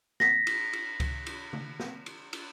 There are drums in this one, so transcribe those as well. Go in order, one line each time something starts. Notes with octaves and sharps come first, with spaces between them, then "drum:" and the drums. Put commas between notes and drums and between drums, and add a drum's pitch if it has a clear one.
A#6 B6, drum: snare
drum: cymbal
drum: cymbal
drum: kick C#2, cymbal
drum: cymbal
drum: tom C#3
drum: snare
drum: cymbal
drum: cymbal